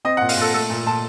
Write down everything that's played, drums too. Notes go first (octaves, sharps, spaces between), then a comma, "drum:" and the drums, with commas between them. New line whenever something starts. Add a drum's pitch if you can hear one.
C4 D#5
A#2 F#5
F5, drum: open hi-hat
A#2 A4
A3 A4
A#2
A#2 A5